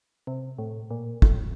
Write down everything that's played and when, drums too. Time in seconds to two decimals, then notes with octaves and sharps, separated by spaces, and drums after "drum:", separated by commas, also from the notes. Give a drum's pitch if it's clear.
0.27 C3
0.58 A2
0.91 A#2
1.22 A2, drum: kick